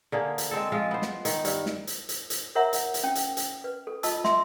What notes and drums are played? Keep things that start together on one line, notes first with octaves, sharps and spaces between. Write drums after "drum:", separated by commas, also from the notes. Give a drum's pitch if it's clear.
D3 A#3 G#4
drum: hi-hat
G#3 C4 A4
F3 G#3 F4
B3 C5
drum: snare
D#3, drum: hi-hat
G2, drum: hi-hat
drum: snare
drum: hi-hat
drum: hi-hat
drum: hi-hat
A#4 C#5 E5 F#5 A#5
drum: hi-hat
drum: hi-hat
C#4 G5
drum: hi-hat
drum: hi-hat
B4
A4
F4 D#5 A5 E6, drum: hi-hat
E5 C6, drum: snare